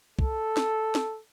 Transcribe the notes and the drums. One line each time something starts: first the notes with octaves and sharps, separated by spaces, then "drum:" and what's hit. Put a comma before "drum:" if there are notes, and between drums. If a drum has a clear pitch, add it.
A4, drum: kick
drum: snare
drum: snare